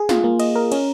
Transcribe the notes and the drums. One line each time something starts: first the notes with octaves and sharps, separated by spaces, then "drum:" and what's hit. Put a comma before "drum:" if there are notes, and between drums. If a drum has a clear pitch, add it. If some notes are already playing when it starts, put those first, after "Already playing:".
Already playing: G#4
F4, drum: snare
A#3
D#5, drum: cymbal
A#4
C#4, drum: cymbal